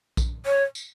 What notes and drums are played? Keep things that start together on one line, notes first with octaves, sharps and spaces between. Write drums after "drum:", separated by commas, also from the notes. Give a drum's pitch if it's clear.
drum: kick A#1, tambourine
C#5
drum: tambourine